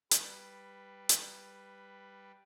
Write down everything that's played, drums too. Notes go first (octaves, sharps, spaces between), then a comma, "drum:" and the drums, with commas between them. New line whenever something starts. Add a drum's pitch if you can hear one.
G3 B4, drum: hi-hat
drum: hi-hat